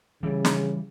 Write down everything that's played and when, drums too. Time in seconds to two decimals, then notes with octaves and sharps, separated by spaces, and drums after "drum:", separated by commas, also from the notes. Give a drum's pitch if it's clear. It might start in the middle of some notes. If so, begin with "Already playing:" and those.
0.23 C#3 E3 G3
0.45 drum: snare